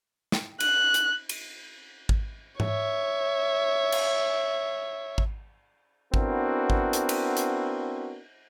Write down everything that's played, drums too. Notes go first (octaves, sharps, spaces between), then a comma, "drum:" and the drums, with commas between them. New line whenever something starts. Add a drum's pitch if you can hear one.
drum: snare
F#6, drum: cymbal
drum: hi-hat
drum: cymbal
drum: kick G#1
C#5 E5, drum: tom G#2
drum: cymbal
drum: kick G#1
B3 C4 D4 E4 F#4 A#4, drum: kick G#1
drum: kick G#1
drum: hi-hat
drum: cymbal
drum: hi-hat